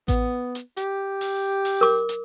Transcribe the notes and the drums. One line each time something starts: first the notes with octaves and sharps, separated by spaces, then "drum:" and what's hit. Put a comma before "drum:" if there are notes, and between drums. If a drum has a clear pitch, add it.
B3, drum: kick A1, hi-hat
drum: hi-hat
G4, drum: hi-hat
drum: open hi-hat
drum: open hi-hat
A#4 D6
drum: hi-hat